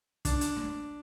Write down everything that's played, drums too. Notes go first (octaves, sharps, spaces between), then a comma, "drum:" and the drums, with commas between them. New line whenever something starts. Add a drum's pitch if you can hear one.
D4, drum: kick, hi-hat
drum: hi-hat
drum: snare